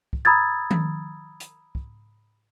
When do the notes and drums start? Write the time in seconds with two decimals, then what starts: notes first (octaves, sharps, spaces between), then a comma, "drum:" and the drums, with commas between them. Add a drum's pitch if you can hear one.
0.13 drum: kick
0.25 A#5 B5 D#6 E6 G#6 A6
0.71 drum: tom D#3
1.40 drum: hi-hat
1.75 drum: kick